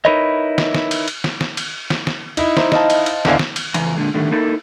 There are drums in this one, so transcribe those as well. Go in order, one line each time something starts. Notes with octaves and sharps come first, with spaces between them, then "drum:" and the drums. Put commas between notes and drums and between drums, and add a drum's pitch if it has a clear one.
D#4 E4 A#4 B4 C#5 D#5
drum: snare
drum: snare
drum: cymbal
drum: cymbal
drum: snare
drum: snare
drum: cymbal
drum: snare
drum: snare
D#4 E4, drum: cymbal
C5 E5 A#5, drum: snare
D#5 F5 A5, drum: snare
drum: cymbal
drum: cymbal
E2 D3 E5 F5 G#5, drum: snare
drum: snare
drum: cymbal
F2 C#3 E3 G#5 A#5, drum: cymbal
A#2 D3 G#3
A2 D3 D#3 G3 A3
A#3 D#4 E4 A4 A#4